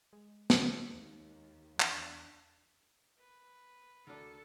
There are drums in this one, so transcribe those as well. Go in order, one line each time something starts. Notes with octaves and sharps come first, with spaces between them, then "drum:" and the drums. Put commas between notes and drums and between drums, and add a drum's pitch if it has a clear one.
G#3
drum: snare
D#2
E2 D4, drum: clap
B4
D2 D4 F#4 A4 A#4 D6